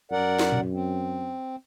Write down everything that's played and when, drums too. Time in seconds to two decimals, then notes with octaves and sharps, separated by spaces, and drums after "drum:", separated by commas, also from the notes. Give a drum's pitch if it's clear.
0.12 F#2 A#4 D5 F#5
0.39 drum: snare
0.52 drum: tom A#2
0.73 C4